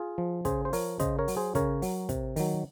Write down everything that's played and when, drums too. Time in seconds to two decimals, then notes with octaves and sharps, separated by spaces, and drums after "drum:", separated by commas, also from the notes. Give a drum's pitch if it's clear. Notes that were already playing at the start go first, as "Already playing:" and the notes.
Already playing: F4 G#4
0.18 F3
0.45 C#3 G#4 C5, drum: kick, hi-hat
0.65 C5
0.73 F3 A#4 C#5, drum: open hi-hat
1.00 C#3 C5 D#5, drum: kick, hi-hat
1.19 A#4 C#5
1.28 F#3, drum: open hi-hat
1.37 G#4 C5
1.55 C#3 A#4 C#5, drum: kick, hi-hat
1.82 F#3, drum: open hi-hat
2.09 C3, drum: kick, hi-hat
2.36 D#3 F#3, drum: open hi-hat